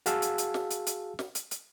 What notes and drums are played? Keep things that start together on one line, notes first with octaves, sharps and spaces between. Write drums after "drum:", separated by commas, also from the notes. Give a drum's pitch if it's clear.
F#4 G#4 F5 A5 E6, drum: hi-hat
drum: hi-hat
drum: hi-hat
drum: snare
drum: hi-hat
drum: hi-hat
drum: snare
drum: hi-hat
drum: hi-hat